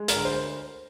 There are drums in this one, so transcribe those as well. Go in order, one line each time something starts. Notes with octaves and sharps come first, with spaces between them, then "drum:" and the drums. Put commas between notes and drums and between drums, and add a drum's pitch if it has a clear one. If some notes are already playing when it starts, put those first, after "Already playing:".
Already playing: G#3
A#4, drum: hi-hat
D2
C5